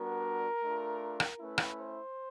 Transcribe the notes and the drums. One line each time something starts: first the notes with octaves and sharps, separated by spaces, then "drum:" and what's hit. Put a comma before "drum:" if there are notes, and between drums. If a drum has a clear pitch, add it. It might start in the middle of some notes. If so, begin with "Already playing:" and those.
Already playing: G3 B3 D4 F#4 A#4
A3 D4 F4
drum: rim click
A3 C#4 E4 B4
drum: rim click
C5